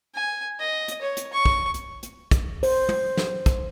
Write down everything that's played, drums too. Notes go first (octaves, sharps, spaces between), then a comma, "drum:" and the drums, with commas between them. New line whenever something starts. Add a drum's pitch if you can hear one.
G#5
D#5
drum: hi-hat
C#5
drum: hi-hat
C#6
drum: kick
drum: hi-hat
drum: hi-hat
drum: kick, hi-hat
C5, drum: open hi-hat
drum: tom
drum: snare
drum: kick, hi-hat